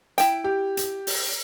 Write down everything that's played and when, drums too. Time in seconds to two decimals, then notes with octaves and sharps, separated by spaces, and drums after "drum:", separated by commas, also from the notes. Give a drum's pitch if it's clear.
0.18 E4 G5, drum: hi-hat
0.44 G4
0.77 drum: hi-hat
1.07 drum: open hi-hat